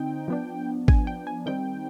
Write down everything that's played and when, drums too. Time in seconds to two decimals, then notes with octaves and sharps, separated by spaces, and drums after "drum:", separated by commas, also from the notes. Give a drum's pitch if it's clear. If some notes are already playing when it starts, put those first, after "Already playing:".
Already playing: D3 C4 D#4 G5
0.28 F3 B3 D4
0.88 G#5, drum: kick G#1
1.07 G5
1.27 G#5
1.46 D#3 G3 C4 D#4 G5